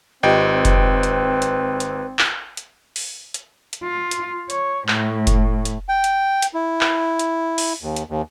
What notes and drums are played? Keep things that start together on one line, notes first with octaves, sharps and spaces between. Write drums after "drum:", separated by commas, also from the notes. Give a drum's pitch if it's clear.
G#1 C4 F4 G4 B4 D#5 G5
drum: kick F1, hi-hat
drum: hi-hat
drum: hi-hat
drum: hi-hat
drum: clap
drum: hi-hat
drum: open hi-hat
drum: hi-hat
drum: hi-hat
F4
drum: hi-hat
C#5, drum: hi-hat
A2, drum: clap
drum: kick F1, hi-hat
drum: hi-hat
G5
drum: hi-hat
drum: hi-hat
E4
drum: clap
drum: hi-hat
drum: open hi-hat
D#2
drum: hi-hat
D#2